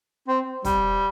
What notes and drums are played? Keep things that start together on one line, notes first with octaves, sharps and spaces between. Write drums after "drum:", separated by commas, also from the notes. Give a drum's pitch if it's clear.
C4
G3, drum: kick, hi-hat